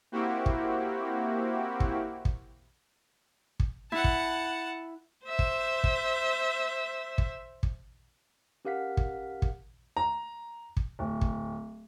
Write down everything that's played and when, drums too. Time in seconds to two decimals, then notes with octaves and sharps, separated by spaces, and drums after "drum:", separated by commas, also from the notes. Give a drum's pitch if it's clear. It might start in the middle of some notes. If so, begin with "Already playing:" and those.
0.12 A#3 C4 E4 F#4 G4
0.46 drum: kick
1.80 drum: kick
2.25 drum: kick
3.60 drum: kick
3.92 E4 F#5 A5
4.04 drum: kick
5.26 C5 E5
5.39 drum: kick
5.84 drum: kick
7.18 drum: kick
7.63 drum: kick
8.65 C#4 G4 A#4 F5 F#5 B6
8.97 drum: kick
9.42 drum: kick
9.97 A#5
10.77 drum: kick
10.99 D1
11.21 drum: kick